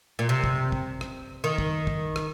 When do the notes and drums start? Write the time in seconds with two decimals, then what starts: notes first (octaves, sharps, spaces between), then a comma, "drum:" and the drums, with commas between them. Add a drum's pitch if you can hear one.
0.19 A#2
0.29 C3
0.44 drum: kick
0.72 drum: kick
1.01 drum: rim click
1.44 D#3
1.58 drum: kick
1.87 drum: kick
2.16 drum: rim click